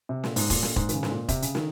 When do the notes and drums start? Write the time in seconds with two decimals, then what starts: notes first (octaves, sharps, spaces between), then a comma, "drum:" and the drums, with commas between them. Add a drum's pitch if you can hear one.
0.09 C3
0.24 A#2, drum: snare
0.36 G#2, drum: open hi-hat
0.50 A#2, drum: kick E1, open hi-hat
0.63 drum: snare
0.76 G#2, drum: kick E1
0.89 D#3, drum: hi-hat
0.93 C#3
1.03 G#2, drum: snare
1.11 A#2
1.29 C3, drum: kick E1, hi-hat
1.42 C#3, drum: hi-hat
1.55 D#3, drum: snare